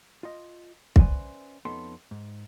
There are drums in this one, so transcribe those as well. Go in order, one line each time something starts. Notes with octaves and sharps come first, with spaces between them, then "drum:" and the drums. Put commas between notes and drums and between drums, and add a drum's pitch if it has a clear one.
F4 D#5
C#4 B4 C5 D5 E5 G#5, drum: kick
F2 B3 C#4 D#4 A4 C6
G#2